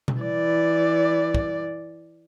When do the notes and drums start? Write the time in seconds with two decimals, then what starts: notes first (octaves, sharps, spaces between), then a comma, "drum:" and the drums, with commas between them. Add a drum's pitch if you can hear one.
0.08 drum: tom B2
0.19 E3 D5
1.35 drum: kick